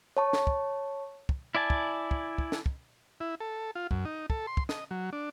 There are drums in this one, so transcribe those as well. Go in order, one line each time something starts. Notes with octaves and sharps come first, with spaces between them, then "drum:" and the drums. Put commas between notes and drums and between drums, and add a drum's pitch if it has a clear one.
C#5 A5 C#6
drum: snare
drum: kick
drum: kick
E4 D5 G#5 A5
drum: kick
drum: kick
drum: kick
drum: snare
drum: kick
E4
A4
F4
F#2, drum: kick
D#4
A4, drum: kick
C6
drum: kick
D#5, drum: snare
F#3
D4